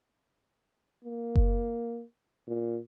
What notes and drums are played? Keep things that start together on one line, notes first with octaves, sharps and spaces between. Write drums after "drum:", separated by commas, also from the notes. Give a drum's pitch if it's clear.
A#3
drum: kick F#1
A#2